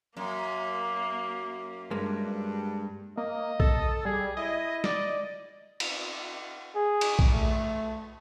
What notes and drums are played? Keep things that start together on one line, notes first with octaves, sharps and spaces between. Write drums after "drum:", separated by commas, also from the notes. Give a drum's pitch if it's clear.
F#2 A#3
G2 G#3 A#3
A#3 D#5
A4, drum: kick B1
G3 G#4
E4 D#5
D5 D#5, drum: snare
drum: cymbal
G#4
drum: cymbal
drum: kick B1
A3